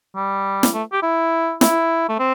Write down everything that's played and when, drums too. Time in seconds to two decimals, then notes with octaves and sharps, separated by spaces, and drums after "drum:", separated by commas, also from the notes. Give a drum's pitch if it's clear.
0.16 G3
0.63 drum: snare
0.74 A3
0.92 G4
1.03 E4
1.61 E4, drum: snare
2.09 A3
2.19 C4